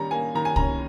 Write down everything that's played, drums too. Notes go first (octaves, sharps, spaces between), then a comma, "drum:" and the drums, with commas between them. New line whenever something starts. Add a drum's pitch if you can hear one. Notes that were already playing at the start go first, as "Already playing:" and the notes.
Already playing: D#3 G3 C#4 A#5
A#3 G#5
D#3 A#5
G#5
C#4 A#5, drum: kick C2